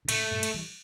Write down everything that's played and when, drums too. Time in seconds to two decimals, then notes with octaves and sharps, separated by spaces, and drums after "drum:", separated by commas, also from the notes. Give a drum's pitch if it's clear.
0.05 D3
0.09 A2 C#3 A3, drum: cymbal
0.31 G2 A#2
0.43 drum: cymbal
0.54 E3 G3